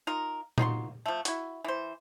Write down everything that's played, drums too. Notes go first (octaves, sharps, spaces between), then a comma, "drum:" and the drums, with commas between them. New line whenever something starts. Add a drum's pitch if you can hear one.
D#4 F4 A#4
D#4 F4 F#4 C6, drum: tom A#2
F3 A3
E4 F#4, drum: hi-hat
E3 C5